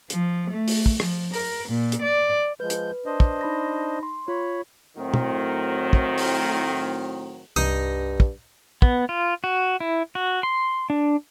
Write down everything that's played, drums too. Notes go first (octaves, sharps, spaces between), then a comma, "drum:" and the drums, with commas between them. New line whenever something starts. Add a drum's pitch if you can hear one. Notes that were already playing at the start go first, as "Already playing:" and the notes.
F3, drum: hi-hat
A3
drum: open hi-hat
drum: kick
F3, drum: rim click
A#4, drum: open hi-hat
A#2
drum: hi-hat
D5
F3 G#3 B4 G6
drum: hi-hat
D4 C5 D#5
drum: kick
D#4 B5 A#6
C6
F4 C#5 B5
A2 D#3 F#3 C4
drum: tom
drum: kick
drum: open hi-hat
C2 G2 D#4 D#5
drum: kick
B3, drum: kick
F4
F#4
E4
F#4
C6
D4